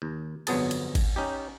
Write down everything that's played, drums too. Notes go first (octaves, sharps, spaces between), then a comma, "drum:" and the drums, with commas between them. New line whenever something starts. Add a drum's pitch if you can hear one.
D#2
G1 F2 F#3 B3 G#4 A5, drum: cymbal
drum: cymbal
drum: kick G#1, cymbal
C#4 D#4 G4